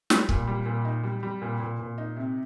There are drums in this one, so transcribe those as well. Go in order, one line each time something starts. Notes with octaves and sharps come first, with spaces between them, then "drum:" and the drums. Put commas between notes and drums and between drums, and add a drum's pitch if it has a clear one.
G3, drum: snare
A#2, drum: kick C#1
G3
A#2
D#4
G3
G3
A#2
A#2
A#2
D#4
C3